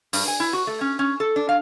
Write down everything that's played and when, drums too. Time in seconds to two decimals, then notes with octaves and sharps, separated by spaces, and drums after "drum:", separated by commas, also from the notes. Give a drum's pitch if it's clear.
0.13 G2, drum: open hi-hat
0.28 G#5
0.40 E4
0.53 F#4
0.67 A3
0.81 C#4
0.99 C#4
1.20 A4
1.36 D4
1.49 F5